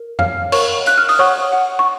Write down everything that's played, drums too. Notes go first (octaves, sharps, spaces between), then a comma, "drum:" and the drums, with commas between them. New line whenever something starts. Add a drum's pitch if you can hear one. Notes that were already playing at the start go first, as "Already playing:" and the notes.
Already playing: A#4
C#5 F5 F6, drum: tom F2
A#4 C#5 C#6, drum: cymbal
F5 F#6, drum: hi-hat
F6
D#6, drum: open hi-hat
C#5 F#5 C#6
F#5
C#6